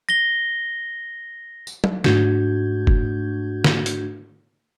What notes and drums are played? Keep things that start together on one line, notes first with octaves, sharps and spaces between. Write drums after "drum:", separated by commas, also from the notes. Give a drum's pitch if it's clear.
A#6 G7
drum: tambourine
drum: tom F#3
G#2 A3 D4 F#4 G6 G#6, drum: snare
drum: kick
drum: snare
drum: hi-hat